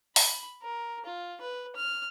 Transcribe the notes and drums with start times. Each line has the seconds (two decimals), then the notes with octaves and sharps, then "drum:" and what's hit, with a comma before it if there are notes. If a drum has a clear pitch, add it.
0.16 B5, drum: open hi-hat
0.62 A#4
1.05 F4
1.41 B4
1.76 F6